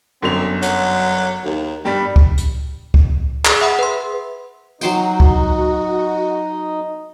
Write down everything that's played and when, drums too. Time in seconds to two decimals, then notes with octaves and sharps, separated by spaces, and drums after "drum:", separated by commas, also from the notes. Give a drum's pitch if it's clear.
0.22 G1 F#2 C4 F7
0.62 F#3, drum: hi-hat
1.45 D#2
1.85 G2 G3 G4
2.16 drum: kick C#2
2.37 drum: hi-hat
2.94 drum: kick C#2
3.45 G#4, drum: clap
3.61 E5 F#5 B5
3.79 B4 C6
4.81 F#3 D#4 F#4 C5 D#5 G5, drum: tambourine
5.20 drum: kick C#2